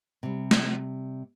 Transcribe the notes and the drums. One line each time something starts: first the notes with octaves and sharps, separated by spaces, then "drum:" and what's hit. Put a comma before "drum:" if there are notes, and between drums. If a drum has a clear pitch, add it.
C3 G3
drum: snare